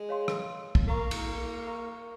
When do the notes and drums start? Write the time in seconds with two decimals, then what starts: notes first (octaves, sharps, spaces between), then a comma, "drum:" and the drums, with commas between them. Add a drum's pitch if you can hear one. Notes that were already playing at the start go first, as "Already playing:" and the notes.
Already playing: G#3
0.09 C#5 F5 C6
0.28 drum: rim click
0.75 drum: kick
0.87 A#3 A#4 F5 A#5 C#6
1.11 drum: cymbal
1.66 A#4 F5 A#5 C#6